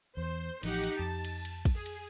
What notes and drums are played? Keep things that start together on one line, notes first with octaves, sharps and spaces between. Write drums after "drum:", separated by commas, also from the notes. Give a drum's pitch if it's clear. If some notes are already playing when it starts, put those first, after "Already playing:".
E2 C5
A1 F3 D#4 G4 F#5, drum: cymbal
drum: cymbal
F2 A5
drum: cymbal
drum: cymbal
drum: kick A1, cymbal
G#4
drum: cymbal